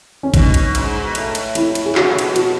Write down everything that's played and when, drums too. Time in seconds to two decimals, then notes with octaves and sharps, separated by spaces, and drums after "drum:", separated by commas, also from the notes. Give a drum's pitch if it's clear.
0.23 C#4
0.34 B2 D#4, drum: kick A1, cymbal
0.54 drum: cymbal
0.75 G#2, drum: cymbal
1.03 B2
1.15 A2, drum: cymbal
1.35 drum: cymbal
1.55 E4, drum: cymbal
1.75 drum: cymbal
1.86 G#4
1.95 C#3 F#4, drum: clap
2.03 B2
2.11 A2
2.19 B2, drum: cymbal
2.36 F#4, drum: cymbal